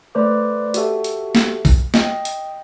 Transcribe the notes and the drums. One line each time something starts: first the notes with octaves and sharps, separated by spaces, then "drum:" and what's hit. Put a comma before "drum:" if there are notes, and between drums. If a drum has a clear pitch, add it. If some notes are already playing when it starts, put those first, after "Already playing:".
A3 B4 C5 D5 D6
F#4 G4 A4 E5, drum: hi-hat
drum: hi-hat
drum: snare
drum: kick B1, open hi-hat
D#5 G5, drum: snare
drum: hi-hat